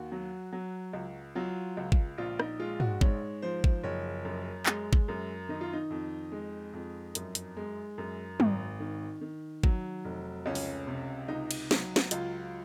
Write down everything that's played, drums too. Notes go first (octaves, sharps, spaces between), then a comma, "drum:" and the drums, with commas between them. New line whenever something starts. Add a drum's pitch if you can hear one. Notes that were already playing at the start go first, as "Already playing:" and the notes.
Already playing: D#2 F#4
F#3
F#3
C#2
F#3 F4
C#2
drum: kick
A#1 F4
D#4, drum: rim click
G#3 F4
F#4, drum: tom
G#2 C#5, drum: kick
F3 C5
drum: kick
F#1 C#5
F#2
G#3, drum: clap
drum: kick
F#2
D#3 D#4
F4
D#4
F2
G#3
F2
F#2, drum: hi-hat
drum: hi-hat
G#3
F#2
G#1, drum: tom
D#3
D#3
F#3, drum: kick
F1
C#2 C#4
drum: open hi-hat
C3
C#2 D#4
drum: cymbal
F#3, drum: snare
drum: snare
C#2 F4, drum: hi-hat